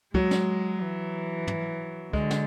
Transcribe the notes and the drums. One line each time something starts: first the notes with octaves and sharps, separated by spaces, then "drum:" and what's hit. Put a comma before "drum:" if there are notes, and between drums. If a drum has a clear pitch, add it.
F#3 G#3, drum: kick
drum: snare
E3
drum: tom
D3 G#3, drum: kick
drum: snare